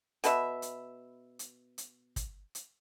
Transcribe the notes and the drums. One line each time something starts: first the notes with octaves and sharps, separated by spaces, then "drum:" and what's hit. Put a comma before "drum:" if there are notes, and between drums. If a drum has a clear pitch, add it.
B2 B4 E5, drum: hi-hat
drum: hi-hat
drum: hi-hat
drum: hi-hat
drum: kick, hi-hat
drum: hi-hat